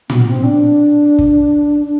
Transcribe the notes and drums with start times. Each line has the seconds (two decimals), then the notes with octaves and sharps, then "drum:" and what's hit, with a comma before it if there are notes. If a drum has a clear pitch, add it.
0.10 B3, drum: tom
0.27 C4
0.44 D4
1.19 drum: kick
1.80 D4